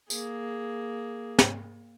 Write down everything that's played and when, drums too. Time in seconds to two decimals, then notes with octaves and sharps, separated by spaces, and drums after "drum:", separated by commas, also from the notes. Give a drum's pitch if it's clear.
0.10 A#3 G#4, drum: tambourine
1.39 drum: snare